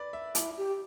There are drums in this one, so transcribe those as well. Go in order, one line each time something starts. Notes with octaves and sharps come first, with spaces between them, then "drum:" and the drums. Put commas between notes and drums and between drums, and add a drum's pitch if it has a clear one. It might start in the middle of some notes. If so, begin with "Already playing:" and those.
Already playing: B4 D5
E5
E4 D6, drum: hi-hat
G4